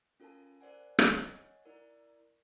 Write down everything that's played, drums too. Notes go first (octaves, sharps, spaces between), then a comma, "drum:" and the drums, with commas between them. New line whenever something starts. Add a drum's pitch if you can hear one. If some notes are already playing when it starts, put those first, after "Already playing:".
C#4 F4 A4 A#4 G#5 A5
A#4 C5 D5 F#5 G#5
drum: rim click
C#5 D#5 F#5 G#5
E4 A#4 D5